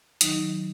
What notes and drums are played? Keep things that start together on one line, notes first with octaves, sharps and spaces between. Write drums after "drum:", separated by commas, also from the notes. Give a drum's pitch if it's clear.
D#3 F#3 D#4, drum: hi-hat